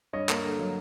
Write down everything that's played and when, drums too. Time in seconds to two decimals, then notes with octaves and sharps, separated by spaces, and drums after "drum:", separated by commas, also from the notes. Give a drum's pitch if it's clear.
0.13 G2 C#5 D#5
0.29 A#3, drum: clap
0.43 D3
0.59 F#3